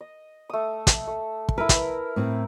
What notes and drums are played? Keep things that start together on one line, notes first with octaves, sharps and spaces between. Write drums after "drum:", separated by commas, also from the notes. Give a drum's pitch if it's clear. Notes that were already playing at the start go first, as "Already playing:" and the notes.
D#5
A3 D#6
drum: kick, hi-hat
A3
drum: kick
E4 A#4 B4
drum: kick, hi-hat
A2 C4